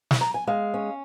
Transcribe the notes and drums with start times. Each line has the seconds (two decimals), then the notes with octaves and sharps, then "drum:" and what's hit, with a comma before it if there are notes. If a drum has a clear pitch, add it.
0.11 drum: snare
0.21 A#5
0.34 G#5
0.47 G#3 F5
0.74 C#4